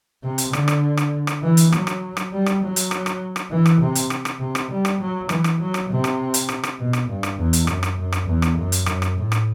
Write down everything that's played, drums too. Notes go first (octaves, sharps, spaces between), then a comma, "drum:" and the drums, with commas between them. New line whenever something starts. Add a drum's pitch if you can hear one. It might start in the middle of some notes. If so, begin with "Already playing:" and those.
C3
drum: hi-hat
D3, drum: rim click
drum: rim click
drum: rim click
drum: rim click
E3
drum: hi-hat
F#3, drum: rim click
drum: rim click
drum: rim click
G3
drum: rim click
F#3
drum: hi-hat
drum: rim click
drum: rim click
drum: rim click
E3
drum: rim click
C3
drum: hi-hat
drum: rim click
drum: rim click
C3
drum: rim click
G3
drum: rim click
F#3
E3, drum: rim click
drum: rim click
F#3
drum: rim click
C3
drum: rim click
drum: hi-hat
drum: rim click
drum: rim click
B2
drum: rim click
G2
drum: rim click
E2
drum: hi-hat
F#2, drum: rim click
drum: rim click
F#2
drum: rim click
E2
drum: rim click
F#2
drum: hi-hat
F#2, drum: rim click
drum: rim click
A2
drum: rim click